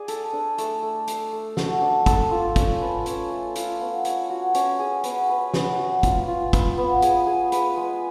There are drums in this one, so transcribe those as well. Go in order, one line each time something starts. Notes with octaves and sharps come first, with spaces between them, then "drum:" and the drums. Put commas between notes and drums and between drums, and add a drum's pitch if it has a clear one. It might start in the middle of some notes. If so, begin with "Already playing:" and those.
Already playing: G#4 D5
A4, drum: hi-hat
D4
A3, drum: hi-hat
A3
A3, drum: hi-hat
A3
F#4, drum: snare
D4
A4, drum: kick, hi-hat
F4
C#4, drum: kick, hi-hat
B4
C#4, drum: hi-hat
A3
F4, drum: hi-hat
B3
C#5, drum: hi-hat
F#4
C#4, drum: hi-hat
G#4
B3, drum: hi-hat
B4
B3, drum: snare
F#4
F4, drum: kick, hi-hat
F4
B4, drum: kick, hi-hat
B3
G#4, drum: hi-hat
G#4
B4, drum: hi-hat
G#3